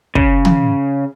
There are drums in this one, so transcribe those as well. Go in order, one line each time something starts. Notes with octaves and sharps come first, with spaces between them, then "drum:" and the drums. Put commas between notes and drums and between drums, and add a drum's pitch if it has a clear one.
C#3, drum: kick
drum: tom